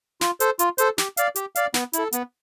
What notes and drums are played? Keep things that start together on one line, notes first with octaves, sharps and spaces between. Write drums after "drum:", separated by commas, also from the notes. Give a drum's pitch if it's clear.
F4, drum: snare
A4 C5, drum: hi-hat
F4, drum: hi-hat
A4 C5, drum: hi-hat
G4, drum: snare
D5 F5, drum: hi-hat
G4, drum: hi-hat
D5 F5, drum: hi-hat
B3, drum: snare
E4 A4, drum: hi-hat
B3, drum: hi-hat